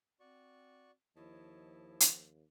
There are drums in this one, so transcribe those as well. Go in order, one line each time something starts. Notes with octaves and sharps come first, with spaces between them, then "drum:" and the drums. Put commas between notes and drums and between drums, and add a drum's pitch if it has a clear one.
C4 F#4 D5 C#6
D#2 F3 E4 C#5 D#5 A5
drum: hi-hat